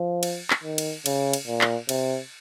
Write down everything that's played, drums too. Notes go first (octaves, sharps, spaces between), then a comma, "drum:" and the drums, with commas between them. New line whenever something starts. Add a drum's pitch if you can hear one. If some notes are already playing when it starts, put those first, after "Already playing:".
Already playing: F3
drum: cymbal
drum: clap
D#3
drum: cymbal
C#3, drum: cymbal
drum: cymbal
A#2
drum: clap
C3, drum: cymbal